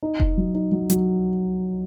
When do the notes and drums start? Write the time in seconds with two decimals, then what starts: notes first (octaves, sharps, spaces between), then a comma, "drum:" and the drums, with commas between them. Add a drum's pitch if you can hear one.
0.03 D#4
0.20 D#4, drum: kick F1
0.37 F#3
0.54 D#4
0.72 F#3
0.90 F#3, drum: hi-hat